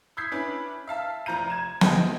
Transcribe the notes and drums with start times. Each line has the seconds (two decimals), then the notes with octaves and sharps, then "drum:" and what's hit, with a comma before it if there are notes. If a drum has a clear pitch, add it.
0.17 D#6 E6 G6 G#6 B6 C7
0.32 C#4 D4 E4 B4
0.88 E5 F5 A5
1.26 F1 F3 A#5 G6 D#7
1.50 G#6 E7
1.81 C4 G4 G#4 D#5, drum: snare